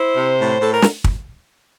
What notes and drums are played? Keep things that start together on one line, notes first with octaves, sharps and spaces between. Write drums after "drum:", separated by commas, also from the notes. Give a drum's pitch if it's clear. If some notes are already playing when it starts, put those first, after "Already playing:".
Already playing: E4 C5
C3
A2
A2 A4
A#4
drum: snare
drum: kick